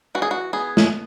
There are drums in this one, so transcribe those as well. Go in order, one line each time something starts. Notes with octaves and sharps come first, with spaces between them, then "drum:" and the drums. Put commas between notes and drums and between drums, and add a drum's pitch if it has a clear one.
E3 F#4
G#4
F#4
B3 G#4
drum: snare